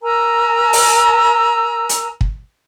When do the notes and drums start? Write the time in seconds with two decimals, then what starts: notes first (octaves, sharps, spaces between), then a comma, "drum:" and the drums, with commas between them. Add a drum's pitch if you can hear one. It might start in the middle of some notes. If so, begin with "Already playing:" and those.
0.02 A#4 G#5 A#5 E6
0.73 drum: open hi-hat
1.89 drum: hi-hat
2.21 drum: kick